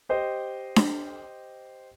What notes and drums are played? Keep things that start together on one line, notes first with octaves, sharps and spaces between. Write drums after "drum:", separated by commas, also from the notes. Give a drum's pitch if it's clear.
G4 C5 D#5
drum: snare D4